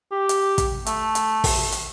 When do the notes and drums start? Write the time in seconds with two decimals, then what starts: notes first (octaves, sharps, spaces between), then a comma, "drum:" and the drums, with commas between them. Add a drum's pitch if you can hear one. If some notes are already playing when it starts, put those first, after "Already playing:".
0.12 G4
0.29 drum: hi-hat
0.58 drum: kick, hi-hat
0.86 A3, drum: hi-hat
1.15 drum: hi-hat
1.44 drum: kick, open hi-hat
1.72 drum: hi-hat